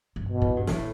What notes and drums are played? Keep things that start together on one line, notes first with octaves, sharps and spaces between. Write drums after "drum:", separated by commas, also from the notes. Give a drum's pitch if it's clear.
G2
B2
A2
G2
A2, drum: snare